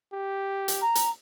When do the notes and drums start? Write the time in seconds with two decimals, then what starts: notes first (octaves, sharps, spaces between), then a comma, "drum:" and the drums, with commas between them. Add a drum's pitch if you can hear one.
0.13 G4
0.68 drum: hi-hat
0.82 A#5
0.95 drum: hi-hat